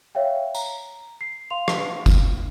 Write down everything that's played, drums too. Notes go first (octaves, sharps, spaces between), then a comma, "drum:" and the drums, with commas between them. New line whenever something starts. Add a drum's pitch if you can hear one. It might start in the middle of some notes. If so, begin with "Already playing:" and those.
C#5 E5 F5 G5
A#5, drum: tambourine
C7
F5 C6 F7
drum: rim click
drum: kick F#1, tambourine